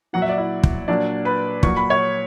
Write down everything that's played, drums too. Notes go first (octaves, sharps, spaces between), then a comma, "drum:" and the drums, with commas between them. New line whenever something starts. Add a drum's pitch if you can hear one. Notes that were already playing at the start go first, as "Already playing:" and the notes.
A#2 F#3 F#5
E5
D5
E4 E5
drum: kick
A#2 F#3 D4 D5
B4 B5
A#2 F#3 C#6, drum: kick
B5
C#5 C#6